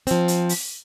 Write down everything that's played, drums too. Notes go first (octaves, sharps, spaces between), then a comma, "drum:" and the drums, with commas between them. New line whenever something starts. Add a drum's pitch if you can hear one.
F3 C4, drum: hi-hat
drum: hi-hat
drum: open hi-hat